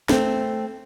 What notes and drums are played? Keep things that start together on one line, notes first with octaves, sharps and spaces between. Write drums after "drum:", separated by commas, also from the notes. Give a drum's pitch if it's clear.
A3 C4, drum: snare